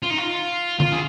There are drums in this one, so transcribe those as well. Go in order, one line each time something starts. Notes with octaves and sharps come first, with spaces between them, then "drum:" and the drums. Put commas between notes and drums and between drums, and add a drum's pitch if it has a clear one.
F4
D#4
F4
F4, drum: tom
G#4